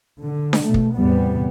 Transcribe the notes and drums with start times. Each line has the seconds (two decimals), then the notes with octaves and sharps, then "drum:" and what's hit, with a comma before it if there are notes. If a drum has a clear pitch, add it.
0.25 D3
0.53 drum: snare D4
0.65 B2 A3
0.74 drum: kick
0.96 E2 A2 C3 G3 B3